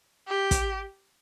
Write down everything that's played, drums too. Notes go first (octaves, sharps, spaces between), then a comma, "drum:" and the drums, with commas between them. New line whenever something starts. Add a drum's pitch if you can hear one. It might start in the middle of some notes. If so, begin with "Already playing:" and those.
G4
drum: kick, hi-hat